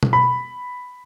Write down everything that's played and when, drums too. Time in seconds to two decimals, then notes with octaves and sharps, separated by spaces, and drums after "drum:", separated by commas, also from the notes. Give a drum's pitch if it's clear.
0.03 drum: tom B2
0.13 B5